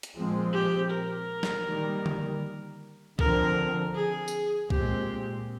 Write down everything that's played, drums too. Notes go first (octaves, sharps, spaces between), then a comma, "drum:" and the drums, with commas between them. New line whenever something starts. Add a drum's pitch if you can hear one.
drum: hi-hat
A#2 F3 G#3 C4
G4
A#4
drum: snare
D#3 G3 A#3
drum: tom D3
D3 F3 C4 A#4, drum: kick
G#4
drum: tambourine
A#2 G#3 C4 G4, drum: kick